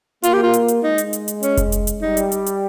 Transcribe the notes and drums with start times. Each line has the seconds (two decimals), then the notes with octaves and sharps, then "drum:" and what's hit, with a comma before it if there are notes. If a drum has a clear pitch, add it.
0.23 A#3 F4, drum: hi-hat
0.33 G4
0.43 F4
0.53 drum: hi-hat
0.68 drum: hi-hat
0.83 G#3 D#4
0.98 drum: hi-hat
1.13 drum: hi-hat
1.28 drum: hi-hat
1.43 C#4, drum: hi-hat
1.57 drum: kick F1, hi-hat
1.72 drum: hi-hat
1.87 drum: hi-hat
2.02 G3 D#4
2.17 drum: hi-hat
2.32 drum: hi-hat
2.46 drum: hi-hat